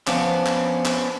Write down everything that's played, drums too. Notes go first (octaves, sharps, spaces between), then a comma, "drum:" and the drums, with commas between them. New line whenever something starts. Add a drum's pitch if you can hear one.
F3 B3 C#4 D4, drum: clap
drum: clap
drum: clap